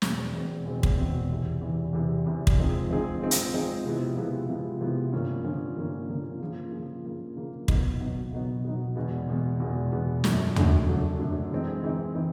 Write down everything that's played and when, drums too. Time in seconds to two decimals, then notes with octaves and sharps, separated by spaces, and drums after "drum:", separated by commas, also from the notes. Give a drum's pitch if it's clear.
0.02 E2 B2 G#3 C4, drum: snare
0.33 E2 B2 G#3 C4
0.65 E2 B2 G#3 C4
0.83 drum: kick
0.97 E2 B2 G#3 C4
1.30 E2 C3 E3
1.61 E2 C3 E3
1.93 E2 C3 E3
2.25 E2 C3 E3
2.47 drum: kick
2.58 F3 G#3 C4 D#4 G#4
2.89 F3 G#3 C4 D#4 G#4
3.21 F3 G#3 C4 D#4 G#4
3.31 drum: hi-hat
3.53 F3 G#3 C4 D#4 G#4
3.86 C3 F3 G#3 B3 E4
4.17 C3 F3 G#3 B3 E4
4.48 C3 F3 G#3 B3 E4
4.81 C3 F3 G#3 B3 E4
5.13 G2 D3 F3 A#3 C#4
5.45 G2 D3 F3 A#3 C#4
5.76 G2 D3 F3 A#3 C#4
6.08 G2 D3 F3 A#3 C#4
6.41 C#3 F3 A#3
6.72 C#3 F3 A#3
7.04 C#3 F3 A#3
7.37 C#3 F3 A#3
7.68 B2 F#3 B3 D#4, drum: kick
8.00 B2 F#3 B3 D#4
8.32 B2 F#3 B3 D#4
8.64 B2 F#3 B3 D#4
8.95 E2 B2 G#3 B3
9.27 E2 B2 G#3 B3
9.60 E2 B2 G#3 B3
9.92 E2 B2 G#3 B3
10.24 F#2 D3 F#3 A3 D4, drum: snare
10.56 F#2 D3 F#3 A3 D4, drum: tom
10.88 F#2 D3 F#3 A3 D4
11.19 F#2 D3 F#3 A3 D4
11.51 E3 G#3 C4 D#4
11.83 E3 G#3 C4 D#4
12.15 E3 G#3 C4 D#4